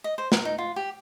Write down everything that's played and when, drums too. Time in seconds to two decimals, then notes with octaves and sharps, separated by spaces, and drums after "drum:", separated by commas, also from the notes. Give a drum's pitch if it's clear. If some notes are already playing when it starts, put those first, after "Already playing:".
0.04 D#5
0.18 C5
0.32 A#4, drum: snare
0.45 D#4
0.58 F4
0.76 G4